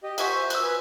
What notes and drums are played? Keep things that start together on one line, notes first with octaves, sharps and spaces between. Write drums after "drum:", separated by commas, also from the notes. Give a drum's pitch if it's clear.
G4 D#5
C5 E5 F#5 G#5 C#6, drum: cymbal
C5
E6 F#6, drum: cymbal
B4 G#5